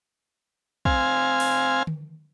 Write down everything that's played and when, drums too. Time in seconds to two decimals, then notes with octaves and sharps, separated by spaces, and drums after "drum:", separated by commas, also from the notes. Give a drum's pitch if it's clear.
0.85 C4 F5 G#5, drum: kick
1.40 drum: open hi-hat
1.87 drum: tom D3